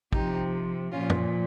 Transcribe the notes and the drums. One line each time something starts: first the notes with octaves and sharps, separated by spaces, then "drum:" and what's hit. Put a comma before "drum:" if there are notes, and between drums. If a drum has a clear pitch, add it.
C3 F3 D#4 G4, drum: kick
A#2 F3 C#4 F4
drum: tom